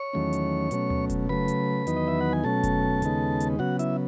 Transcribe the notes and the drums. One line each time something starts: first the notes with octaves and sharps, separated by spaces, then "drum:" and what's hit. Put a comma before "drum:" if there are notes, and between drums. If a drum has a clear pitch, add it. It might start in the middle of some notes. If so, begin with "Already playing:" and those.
Already playing: C#5 C#6
E2 D#3 F#3 A3 C#4
drum: hi-hat
B2 F#3 A3 C#4, drum: hi-hat
drum: tom D2
drum: kick F1, hi-hat
C#3 F#3 A3 B4 B5
drum: hi-hat
E2 D#3 F#3 B3 D#4, drum: hi-hat
D#5
E5
F#5
G#5
B2 F#3 A3 C#4 A4 A5
drum: kick F1, hi-hat
D#2 C#3 G#3 B3 D#4, drum: hi-hat
drum: hi-hat
C#3 F#3 B3 F#4 F#5
E4 E5, drum: hi-hat